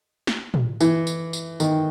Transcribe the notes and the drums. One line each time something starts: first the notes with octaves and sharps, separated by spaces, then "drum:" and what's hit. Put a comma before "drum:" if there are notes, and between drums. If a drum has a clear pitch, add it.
drum: snare
drum: tom
E3, drum: tambourine
drum: tambourine
drum: tambourine
D#3, drum: tambourine